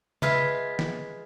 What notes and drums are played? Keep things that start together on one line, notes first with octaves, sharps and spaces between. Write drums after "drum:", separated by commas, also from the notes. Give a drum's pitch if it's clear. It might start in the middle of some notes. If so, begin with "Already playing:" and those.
G#3 F4 G#4 B4 E5 F5, drum: tom C#3
drum: snare